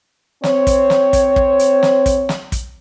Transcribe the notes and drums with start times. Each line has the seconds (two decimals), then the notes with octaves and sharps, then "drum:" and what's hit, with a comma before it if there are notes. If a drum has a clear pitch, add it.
0.44 C4 C#5, drum: snare
0.67 drum: kick, hi-hat
0.90 drum: snare
1.13 drum: kick, hi-hat
1.36 drum: kick
1.59 drum: hi-hat
1.83 drum: snare
2.06 drum: kick, hi-hat
2.29 drum: snare
2.52 drum: kick, hi-hat